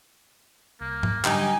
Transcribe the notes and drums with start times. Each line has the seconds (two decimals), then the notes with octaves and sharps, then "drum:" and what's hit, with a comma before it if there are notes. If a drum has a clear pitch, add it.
0.81 C2 A#3
1.03 drum: tom G#2
1.25 D3 F#3 G3 D#4 G4 G#5, drum: clap